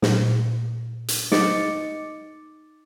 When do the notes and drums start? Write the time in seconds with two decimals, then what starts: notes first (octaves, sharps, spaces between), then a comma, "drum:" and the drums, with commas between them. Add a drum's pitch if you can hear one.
0.02 A#2, drum: snare
1.08 drum: hi-hat
1.32 D#4 D#5 D6 A6 C#7, drum: snare